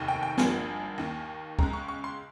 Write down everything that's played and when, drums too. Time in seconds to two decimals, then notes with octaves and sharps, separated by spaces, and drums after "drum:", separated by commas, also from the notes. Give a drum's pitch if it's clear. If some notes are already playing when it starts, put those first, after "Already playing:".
Already playing: F1 D#2 D#3
0.08 G5
0.23 G5
0.38 G#1 G2 F3 A#3 G#5, drum: snare
0.98 D#2 D#3 A#3
1.59 C#2 C#3 G#3 A#5, drum: kick C#2
1.73 C#6
1.88 C#6
2.04 C6